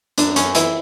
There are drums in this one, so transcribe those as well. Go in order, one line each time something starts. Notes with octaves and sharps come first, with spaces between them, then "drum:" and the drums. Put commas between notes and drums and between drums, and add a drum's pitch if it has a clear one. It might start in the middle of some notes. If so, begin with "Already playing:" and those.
F#2 D4, drum: hi-hat
F#2 C#4, drum: hi-hat
E3 E4, drum: hi-hat